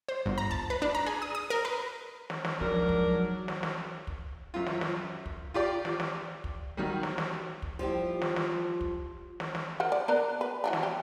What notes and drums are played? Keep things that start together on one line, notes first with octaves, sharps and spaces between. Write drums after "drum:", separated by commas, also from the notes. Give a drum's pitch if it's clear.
C5
G1
A#5
A5, drum: kick
B4
D4
A#5
G#4
D#6
D#6
A#4
B4
drum: snare
drum: snare
G#2 F3 F#3 D4 A#4
drum: kick
drum: snare
drum: snare
drum: kick
F#2 F4
drum: snare
drum: snare
drum: kick
F4 G4 D5
drum: snare
drum: snare
drum: kick
D#3 F#3 G3
drum: snare
drum: snare
drum: kick
F3 G3 E4 G4
drum: snare
drum: snare
drum: kick
drum: snare
drum: snare
A#4 C5 F#5
D5
B3 D4 A#4
B4
E3 F#3 D4
drum: snare
G4